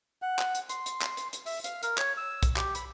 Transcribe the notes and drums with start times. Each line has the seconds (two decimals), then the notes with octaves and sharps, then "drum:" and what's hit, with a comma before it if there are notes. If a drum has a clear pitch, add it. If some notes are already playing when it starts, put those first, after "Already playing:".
0.22 F#5
0.39 drum: clap
0.55 drum: hi-hat
0.69 C6, drum: hi-hat
0.86 drum: hi-hat
1.02 drum: clap
1.17 drum: hi-hat
1.33 drum: hi-hat
1.46 E5, drum: open hi-hat
1.64 F5, drum: hi-hat
1.83 A#4, drum: hi-hat
1.98 C#5, drum: clap
2.17 E6
2.43 drum: kick, hi-hat
2.56 G4, drum: clap
2.75 B5, drum: hi-hat